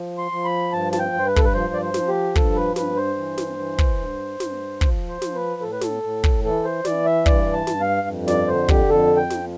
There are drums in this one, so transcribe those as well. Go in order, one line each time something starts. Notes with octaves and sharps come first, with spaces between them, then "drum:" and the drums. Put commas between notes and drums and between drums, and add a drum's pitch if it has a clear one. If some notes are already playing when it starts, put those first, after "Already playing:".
Already playing: F3
C6
F3
B5
G2 A5
A5, drum: snare
G5
G2
C5
B4
A4, drum: kick
B4
F3 C5
D5
C5
F3, drum: snare
G4
G2 A4, drum: kick
B4
G2 B4, drum: snare
C5
E3
drum: snare
E3
drum: kick
G2
G2, drum: snare
F3, drum: kick
C5
F3, drum: snare
B4
A2 A4
B4
A4, drum: snare
A2
drum: kick
E3 A4
C5
E3 D5, drum: snare
E5
G2 D5, drum: kick
A5
G2, drum: snare
F5
F2
D5, drum: snare
D3 C5
G4, drum: kick
F2 A4
G5
F3, drum: snare